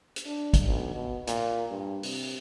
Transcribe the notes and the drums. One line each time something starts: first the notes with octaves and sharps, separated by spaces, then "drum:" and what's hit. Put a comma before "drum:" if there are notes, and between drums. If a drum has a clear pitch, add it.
drum: hi-hat
D4
drum: kick, hi-hat
B1
B2
A#2, drum: hi-hat
G2
C3, drum: open hi-hat